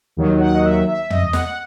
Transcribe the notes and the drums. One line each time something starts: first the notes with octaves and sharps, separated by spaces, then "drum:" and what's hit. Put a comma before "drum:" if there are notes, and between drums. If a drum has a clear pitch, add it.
D#2 D#3 F#3
F#5
D#5
E5
E5
D#5, drum: tom
F#5, drum: snare